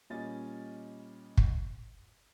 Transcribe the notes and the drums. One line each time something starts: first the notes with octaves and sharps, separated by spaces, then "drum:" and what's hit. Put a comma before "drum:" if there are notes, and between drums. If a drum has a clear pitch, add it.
A#2 G3 C#4 D#5 A6
drum: kick